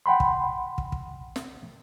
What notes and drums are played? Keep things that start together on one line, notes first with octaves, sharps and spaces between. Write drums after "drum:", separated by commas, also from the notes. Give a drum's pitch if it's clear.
F#5 G5 B5 C6
drum: kick
drum: kick
drum: kick
drum: snare